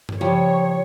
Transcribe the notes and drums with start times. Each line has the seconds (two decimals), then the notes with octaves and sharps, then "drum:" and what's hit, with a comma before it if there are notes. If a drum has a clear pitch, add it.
0.09 drum: tom G2
0.21 C#3 F3 G3 C#5